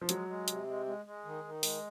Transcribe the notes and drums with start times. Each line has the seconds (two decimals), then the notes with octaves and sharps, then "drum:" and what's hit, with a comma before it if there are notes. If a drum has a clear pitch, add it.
0.01 F3
0.09 F#3 G#3, drum: hi-hat
0.28 G#3
0.48 C3, drum: hi-hat
0.67 G#3
0.86 G#3
1.05 G#3
1.25 D#3
1.44 D#3
1.63 G#3, drum: open hi-hat